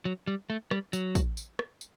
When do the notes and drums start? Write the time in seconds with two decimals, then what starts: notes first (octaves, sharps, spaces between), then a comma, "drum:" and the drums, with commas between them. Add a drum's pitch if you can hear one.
0.05 F#3
0.27 G3
0.50 A3
0.71 G3, drum: rim click
0.93 F#3, drum: tambourine
1.15 drum: kick, tambourine
1.37 drum: tambourine
1.59 drum: rim click
1.81 drum: tambourine